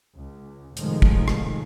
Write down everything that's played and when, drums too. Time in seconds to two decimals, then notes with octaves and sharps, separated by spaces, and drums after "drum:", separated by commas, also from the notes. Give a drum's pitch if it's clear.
0.17 C#2
0.77 A2 C3 D#3 F3 G#3, drum: hi-hat
1.02 drum: kick
1.28 drum: rim click